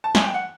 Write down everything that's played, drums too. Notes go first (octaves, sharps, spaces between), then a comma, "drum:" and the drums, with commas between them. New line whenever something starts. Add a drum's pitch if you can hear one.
A5
G#5, drum: snare
G5
F#5